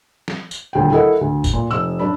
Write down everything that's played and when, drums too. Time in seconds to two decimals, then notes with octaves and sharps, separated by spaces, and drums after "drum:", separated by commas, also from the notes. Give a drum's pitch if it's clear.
0.28 drum: snare
0.51 drum: tambourine
0.73 D#1 D2 G5
0.91 E4 A4 A#4 D#5 E5 F#5
1.21 D2
1.44 drum: kick, tambourine
1.53 A#2
1.71 F1 E6
1.99 F#2 D4 B5